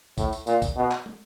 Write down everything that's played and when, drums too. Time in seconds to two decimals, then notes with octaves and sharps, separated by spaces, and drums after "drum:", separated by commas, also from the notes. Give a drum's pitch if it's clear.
0.18 A2, drum: kick, tambourine
0.33 drum: tambourine
0.47 A#2, drum: tambourine
0.62 drum: kick, tambourine
0.76 B2
0.91 drum: clap
1.06 drum: tom